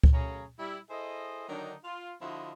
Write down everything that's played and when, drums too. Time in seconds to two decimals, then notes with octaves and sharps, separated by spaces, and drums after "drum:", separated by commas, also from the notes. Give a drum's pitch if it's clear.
0.04 drum: kick C#2
0.13 F#2 C#3 A3 C#4 G#4 A#5
0.59 G3 E4
0.89 E4 G#4 A4 C5 D#5
1.48 D3 D#3 F#3 D4 D#4
1.84 F4
2.21 D3 F3 E4 F#4 D#5 C6